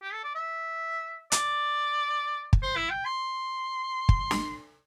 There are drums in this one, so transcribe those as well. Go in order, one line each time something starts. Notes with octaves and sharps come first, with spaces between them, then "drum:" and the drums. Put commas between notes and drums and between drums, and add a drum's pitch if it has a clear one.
G4
A4
D5
E5
D5, drum: hi-hat
drum: kick
C5
E4
G5
C6
drum: kick
drum: snare